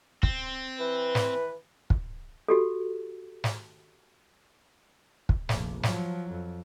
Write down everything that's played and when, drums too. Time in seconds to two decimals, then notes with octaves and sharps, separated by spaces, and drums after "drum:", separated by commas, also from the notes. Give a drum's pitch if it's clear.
0.23 C4, drum: kick
0.80 E3 B4
1.15 drum: snare
1.90 drum: kick
2.48 F#4 G4 A4
3.44 drum: snare
5.29 drum: kick
5.49 F1 A#1, drum: snare
5.83 F3 F#3, drum: snare
6.30 F2